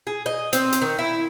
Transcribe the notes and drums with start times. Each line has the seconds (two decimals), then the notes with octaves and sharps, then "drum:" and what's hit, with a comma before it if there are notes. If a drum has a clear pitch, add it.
0.07 G#4
0.26 D#5
0.53 C4, drum: hi-hat
0.72 drum: hi-hat
0.82 D#3
0.99 E4